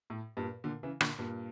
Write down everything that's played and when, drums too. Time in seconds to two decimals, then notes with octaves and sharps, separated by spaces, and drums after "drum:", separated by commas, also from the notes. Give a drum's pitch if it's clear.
0.10 A2
0.37 G2 A#2
0.64 A#2 D3
0.83 C#3 E3
1.01 A#2 D3, drum: rim click
1.18 G2 A#2